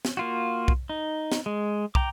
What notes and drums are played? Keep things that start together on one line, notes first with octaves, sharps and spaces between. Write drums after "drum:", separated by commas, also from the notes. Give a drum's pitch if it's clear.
drum: snare
A#3 F4 F#4
drum: kick
D#4
drum: snare
G#3
G5 A#5 D6, drum: kick